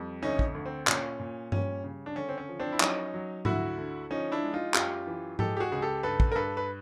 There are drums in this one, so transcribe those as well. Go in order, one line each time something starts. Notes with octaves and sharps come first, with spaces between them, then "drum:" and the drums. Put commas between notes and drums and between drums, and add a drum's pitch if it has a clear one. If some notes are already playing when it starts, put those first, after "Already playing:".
Already playing: F2 G3
D2 C#4 D#4
drum: kick
D2
C4
A#2 C#4, drum: clap
A#2
G3 C#4, drum: tom G2
C#3
D4
D3 C#4
C4
C#4
F3
C4 D4
E4
F#3 C#4 D#4, drum: clap
F#3
D2 E4 F#4, drum: tom G#2
D3
F3 C#4 D#4
D4 E4
G#3
D#4 F4
F#2 F4 G4, drum: clap
E3
G#3 G4 A4, drum: tom G#2
G4
F#4 G#4
C#2 G#4
G4 A4
G2 A4 B4
drum: kick
A#4
G2 A4 B4
B4